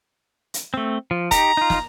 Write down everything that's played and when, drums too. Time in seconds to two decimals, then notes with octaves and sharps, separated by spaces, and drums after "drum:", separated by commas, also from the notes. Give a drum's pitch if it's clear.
0.54 drum: hi-hat
0.74 A3 C4
1.11 F3
1.31 D#4 G4 A#5, drum: kick, hi-hat
1.57 D#4 F4
1.70 drum: snare